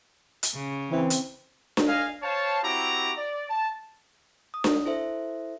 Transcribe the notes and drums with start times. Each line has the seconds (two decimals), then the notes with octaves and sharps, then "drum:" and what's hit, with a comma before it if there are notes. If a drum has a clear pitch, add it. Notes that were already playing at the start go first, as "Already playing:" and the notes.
0.43 drum: hi-hat
0.55 C#3
0.91 E3 C4
1.10 drum: hi-hat
1.77 drum: snare D4
1.87 D#5 F5 G#5
2.22 C5 C#5 F5 A5
2.63 C4 E4 F#4 G4 A#5 D6
3.17 D5
3.50 A5
4.54 D#6
4.64 drum: snare D4
4.86 E4 A4 C5 E5